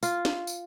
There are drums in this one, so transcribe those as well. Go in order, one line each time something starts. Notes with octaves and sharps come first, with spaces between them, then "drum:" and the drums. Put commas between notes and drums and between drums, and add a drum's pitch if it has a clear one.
F4, drum: tambourine
drum: snare
drum: tambourine